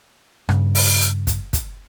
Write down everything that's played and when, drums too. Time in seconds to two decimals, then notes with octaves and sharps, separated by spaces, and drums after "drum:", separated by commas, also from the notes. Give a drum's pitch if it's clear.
0.49 G2 C#3, drum: rim click
0.75 drum: open hi-hat
1.01 drum: hi-hat
1.27 drum: kick, hi-hat
1.53 drum: kick, hi-hat